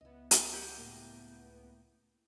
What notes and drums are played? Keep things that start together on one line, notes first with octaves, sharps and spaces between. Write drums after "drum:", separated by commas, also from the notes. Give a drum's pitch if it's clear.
C#2 B3 E4 D#5
drum: hi-hat
G4 A#4 F#5 G5
A2 A#3